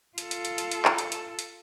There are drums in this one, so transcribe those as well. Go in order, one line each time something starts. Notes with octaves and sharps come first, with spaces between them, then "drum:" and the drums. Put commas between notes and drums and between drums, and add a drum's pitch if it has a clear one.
F4 A4, drum: hi-hat
drum: hi-hat
drum: hi-hat
drum: hi-hat
drum: hi-hat
drum: clap
drum: hi-hat
drum: hi-hat
drum: hi-hat